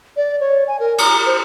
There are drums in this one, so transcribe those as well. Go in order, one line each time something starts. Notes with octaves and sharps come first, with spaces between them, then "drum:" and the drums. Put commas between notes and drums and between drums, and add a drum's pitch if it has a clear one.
D5
C#5
G#5
A#4
A#5, drum: cymbal
C5